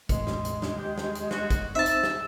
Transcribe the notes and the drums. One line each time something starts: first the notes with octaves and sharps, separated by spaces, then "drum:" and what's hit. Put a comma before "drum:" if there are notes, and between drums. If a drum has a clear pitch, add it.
E2 A2 C3 G#3, drum: kick, hi-hat
drum: snare
drum: hi-hat
drum: snare
D#2 G4 G6
drum: snare
drum: hi-hat
F#4, drum: snare
drum: kick, hi-hat
C4 D#4 C5 E5 A5 E6
drum: hi-hat
drum: snare